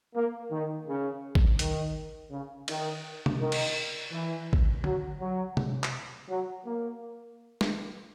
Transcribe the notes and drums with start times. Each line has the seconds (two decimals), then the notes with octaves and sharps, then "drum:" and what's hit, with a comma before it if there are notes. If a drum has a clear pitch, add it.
0.15 A#3
0.51 D#3
0.87 C#3
1.35 drum: kick
1.59 D#3, drum: hi-hat
2.31 C#3
2.68 D#3, drum: cymbal
3.26 drum: tom C3
3.39 D#3
3.52 drum: cymbal
4.12 E3
4.53 drum: kick
4.84 F#3, drum: tom D3
5.20 F#3
5.57 drum: tom C3
5.83 drum: clap
6.28 F#3
6.65 A#3
7.61 drum: snare